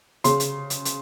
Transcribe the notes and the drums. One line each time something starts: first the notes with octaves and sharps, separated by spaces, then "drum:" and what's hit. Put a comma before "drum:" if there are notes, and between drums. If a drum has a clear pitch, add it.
C#3 C6, drum: hi-hat
drum: hi-hat
drum: hi-hat
drum: hi-hat